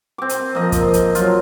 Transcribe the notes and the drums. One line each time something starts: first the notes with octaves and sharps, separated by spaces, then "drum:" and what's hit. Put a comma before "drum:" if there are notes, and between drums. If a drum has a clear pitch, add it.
C4 D6
drum: hi-hat
F3 A#3 D#5
drum: kick, hi-hat
drum: hi-hat
F#3 F4, drum: hi-hat